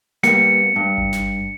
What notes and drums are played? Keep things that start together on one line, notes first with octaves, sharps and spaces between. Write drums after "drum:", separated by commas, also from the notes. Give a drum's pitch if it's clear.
G3 A#3 B3 C#7, drum: snare
G2
drum: kick G#1
drum: snare